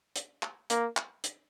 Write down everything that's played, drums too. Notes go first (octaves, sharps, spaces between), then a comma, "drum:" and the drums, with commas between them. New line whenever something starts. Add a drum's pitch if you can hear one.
drum: hi-hat
drum: clap
A#3, drum: hi-hat
drum: clap
drum: hi-hat